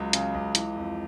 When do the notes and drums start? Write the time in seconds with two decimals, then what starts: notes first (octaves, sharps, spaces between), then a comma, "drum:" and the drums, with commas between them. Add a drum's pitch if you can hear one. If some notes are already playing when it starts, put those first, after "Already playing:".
Already playing: C#2 F#3
0.13 C#3, drum: hi-hat
0.34 C#2
0.55 E3, drum: hi-hat
0.76 F2